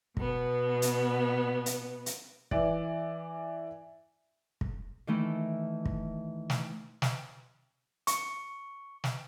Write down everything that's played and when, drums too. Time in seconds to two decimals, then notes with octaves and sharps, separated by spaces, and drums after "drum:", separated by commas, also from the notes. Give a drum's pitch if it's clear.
0.17 B2 B3, drum: kick
0.82 drum: hi-hat
1.66 drum: hi-hat
2.06 drum: hi-hat
2.51 E3 D5, drum: kick
4.61 drum: kick
5.07 D#3 E3 A3 E4
5.85 drum: kick
6.50 drum: snare
7.02 drum: snare
8.07 C#6, drum: hi-hat
9.04 drum: snare